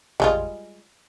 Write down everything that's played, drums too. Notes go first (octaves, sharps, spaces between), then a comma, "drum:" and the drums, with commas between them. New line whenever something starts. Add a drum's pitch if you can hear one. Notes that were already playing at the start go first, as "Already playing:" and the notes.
G3 G#3 F4, drum: tom A1